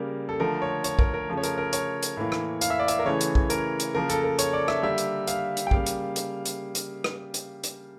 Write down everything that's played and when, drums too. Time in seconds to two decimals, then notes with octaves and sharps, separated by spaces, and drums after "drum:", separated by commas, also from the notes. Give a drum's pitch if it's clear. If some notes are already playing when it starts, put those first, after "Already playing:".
Already playing: C#3 G3 A#3 A#4
0.29 A4
0.40 D3 F3 A3 A#4
0.62 C#5
0.84 C#5, drum: hi-hat
0.99 A#4, drum: kick
1.14 A#4
1.28 C#3 F3 A3
1.37 C#5
1.43 A#4, drum: hi-hat
1.58 A#4
1.73 C#5, drum: hi-hat
2.02 drum: hi-hat
2.17 A2 E3 A#3
2.32 drum: rim click
2.61 F5, drum: hi-hat
2.70 E5
2.79 D5
2.88 E5, drum: hi-hat
2.99 A#4
3.05 C#3 E3 A3 C#5
3.21 drum: hi-hat
3.35 drum: kick
3.50 A#4, drum: hi-hat
3.80 drum: hi-hat
3.94 C#3 F3 A#3 A#4
4.09 A4, drum: hi-hat
4.24 A#4
4.38 C#5, drum: hi-hat
4.53 D5
4.68 E5, drum: rim click
4.83 D3 G3 A#3 E5
4.98 drum: hi-hat
5.27 F5, drum: hi-hat
5.57 drum: hi-hat
5.67 G5
5.71 C#3 G3 A#3 F5, drum: kick
5.86 drum: hi-hat
6.16 drum: hi-hat
6.45 drum: hi-hat
6.75 drum: hi-hat
7.04 drum: rim click
7.34 drum: hi-hat
7.63 drum: hi-hat